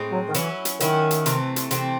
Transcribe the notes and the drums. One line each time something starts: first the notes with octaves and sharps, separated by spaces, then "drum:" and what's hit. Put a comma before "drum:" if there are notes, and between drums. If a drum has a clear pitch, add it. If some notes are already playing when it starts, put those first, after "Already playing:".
Already playing: A2 G#3 C4
F#3
D#3
E3 F#3 C#4 E4, drum: hi-hat
drum: hi-hat
D#3 F#3 C#4 E4, drum: hi-hat
drum: hi-hat
C3 E3 A3 C4, drum: hi-hat
drum: hi-hat
C3 E3 A3 C4, drum: hi-hat